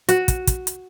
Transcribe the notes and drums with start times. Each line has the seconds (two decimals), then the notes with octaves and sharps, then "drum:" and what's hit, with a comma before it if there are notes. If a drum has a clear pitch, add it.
0.09 F#4, drum: hi-hat
0.28 drum: kick, hi-hat
0.47 drum: kick, hi-hat
0.67 drum: hi-hat